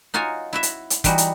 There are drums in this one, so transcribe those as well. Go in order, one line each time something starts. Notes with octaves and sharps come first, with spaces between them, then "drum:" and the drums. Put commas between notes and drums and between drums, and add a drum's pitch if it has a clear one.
D#4 F4 F#4 C#5 G#5
E4 F#4 E5
drum: hi-hat
drum: hi-hat
E3 G3 D#4 F#4, drum: kick, hi-hat
drum: hi-hat